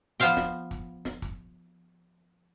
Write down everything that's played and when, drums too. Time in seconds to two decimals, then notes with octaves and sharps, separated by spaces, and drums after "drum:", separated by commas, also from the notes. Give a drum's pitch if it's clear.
0.20 F3 B3 C5 F5 G5
0.37 drum: snare
0.71 drum: kick
1.05 drum: snare
1.22 drum: kick